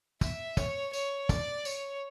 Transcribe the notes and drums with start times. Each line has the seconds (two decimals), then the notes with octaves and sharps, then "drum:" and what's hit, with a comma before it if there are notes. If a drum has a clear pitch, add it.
0.21 E5, drum: kick, tambourine
0.57 C#5, drum: kick, tambourine
0.93 C#5, drum: tambourine
1.29 D5, drum: kick, tambourine
1.65 C#5, drum: tambourine